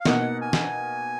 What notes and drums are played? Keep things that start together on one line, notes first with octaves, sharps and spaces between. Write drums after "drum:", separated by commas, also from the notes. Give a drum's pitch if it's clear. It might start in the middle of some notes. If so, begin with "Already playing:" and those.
F5
B2 A#3 D#4 F#5, drum: snare
G#5
drum: snare